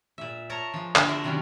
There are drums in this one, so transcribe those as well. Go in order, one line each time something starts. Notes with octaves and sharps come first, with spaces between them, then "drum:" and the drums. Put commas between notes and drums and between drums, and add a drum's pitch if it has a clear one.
A#2 E5
A#4 C#5 A5 A#5
F3 G#3
D3 F3 A#3 B3 E4, drum: clap
F4 F#4 A#4 E5
C3 D#3 F#3 G3 C#4 D4